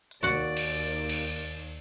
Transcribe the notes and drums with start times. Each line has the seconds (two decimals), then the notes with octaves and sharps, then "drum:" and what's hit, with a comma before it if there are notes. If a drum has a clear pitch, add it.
0.11 drum: hi-hat
0.23 D#2 F#4 D5 F#5
0.57 drum: cymbal
1.09 drum: cymbal